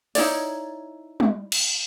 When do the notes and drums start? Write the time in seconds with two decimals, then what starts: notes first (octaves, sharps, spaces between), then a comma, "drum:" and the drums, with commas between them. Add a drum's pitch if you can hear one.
0.15 D#4 E4 C#5 D5, drum: open hi-hat
1.20 drum: tom G3
1.52 drum: cymbal